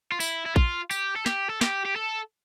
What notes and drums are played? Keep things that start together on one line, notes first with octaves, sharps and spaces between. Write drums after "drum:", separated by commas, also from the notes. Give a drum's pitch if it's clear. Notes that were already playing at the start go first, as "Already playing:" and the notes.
F4
E4, drum: tambourine
E4
F4, drum: kick A#1
G4, drum: tambourine
A4
G4, drum: snare
A4
G4, drum: snare
G4
A4